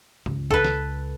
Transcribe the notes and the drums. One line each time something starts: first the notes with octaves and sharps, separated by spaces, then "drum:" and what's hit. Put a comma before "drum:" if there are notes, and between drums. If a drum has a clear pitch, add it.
C#2, drum: tom G2
A4 B4, drum: kick C2
drum: snare